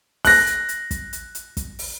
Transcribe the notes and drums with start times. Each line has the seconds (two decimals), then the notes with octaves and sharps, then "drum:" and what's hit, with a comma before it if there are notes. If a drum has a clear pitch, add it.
0.25 F#6 A#6, drum: kick, open hi-hat
0.47 drum: hi-hat
0.69 drum: hi-hat
0.91 drum: kick, hi-hat
1.13 drum: hi-hat
1.35 drum: hi-hat
1.57 drum: kick, hi-hat
1.79 drum: open hi-hat